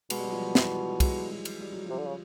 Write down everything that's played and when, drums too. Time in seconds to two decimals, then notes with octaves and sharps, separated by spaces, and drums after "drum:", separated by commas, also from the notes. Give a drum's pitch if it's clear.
0.10 B2 G#3, drum: cymbal
0.18 G3
0.25 F#3
0.32 F3 G3
0.55 E3 F#3, drum: snare
1.00 F#3 G#3, drum: kick, cymbal
1.30 F#3 G#3
1.45 drum: cymbal
1.61 G3
1.72 F#3
1.85 C3 F3 G3
1.98 D3
2.06 C#3